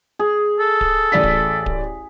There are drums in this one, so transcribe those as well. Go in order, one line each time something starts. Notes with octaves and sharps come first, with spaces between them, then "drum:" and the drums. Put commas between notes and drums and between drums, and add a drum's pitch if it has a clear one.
G#4
A4
drum: kick D1
A1 D5 B6
drum: kick D1
drum: kick D1